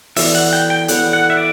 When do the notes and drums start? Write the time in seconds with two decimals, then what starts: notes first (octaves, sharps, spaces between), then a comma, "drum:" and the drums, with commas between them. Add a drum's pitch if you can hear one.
0.16 E3 B3 F#4 A4 D5 E5, drum: open hi-hat
0.35 F#5
0.53 G5
0.70 G5
0.88 E3 B3 F#4 A4 D5 F#5, drum: hi-hat
1.13 F#5
1.30 E5
1.37 D5